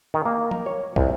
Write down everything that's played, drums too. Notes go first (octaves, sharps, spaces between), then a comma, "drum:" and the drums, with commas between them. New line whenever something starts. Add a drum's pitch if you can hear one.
D#3
A#3
A#4, drum: tom
C#5
C2, drum: kick